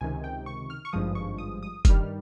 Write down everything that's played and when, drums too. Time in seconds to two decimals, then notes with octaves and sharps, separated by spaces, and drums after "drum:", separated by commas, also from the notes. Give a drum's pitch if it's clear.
0.01 C#2 C3 D#3 G#5
0.24 G5
0.46 C#6
0.70 F6
0.85 C#6
0.93 G#1 G2 F3 G#3 D#6
1.15 C#6
1.38 D#6
1.63 D#6
1.85 G2 D#3 G3 F6, drum: kick F1, hi-hat